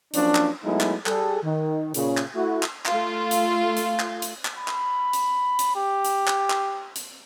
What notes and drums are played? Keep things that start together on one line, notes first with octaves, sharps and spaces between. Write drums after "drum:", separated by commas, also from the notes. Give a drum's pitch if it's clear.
F3 F#3 A#3 C#4 D4, drum: hi-hat
drum: clap
F#3 G#3 A3 B3 D#4 E4
drum: clap
G3 G#4 A4, drum: clap
D#3
A#2 C#3, drum: hi-hat
drum: clap
A3 E4 F#4
drum: clap
A3 F4, drum: clap
drum: hi-hat
drum: hi-hat
drum: clap
drum: hi-hat
drum: clap
B5
drum: clap
drum: hi-hat
drum: hi-hat
G4
drum: hi-hat
drum: clap
drum: clap
drum: hi-hat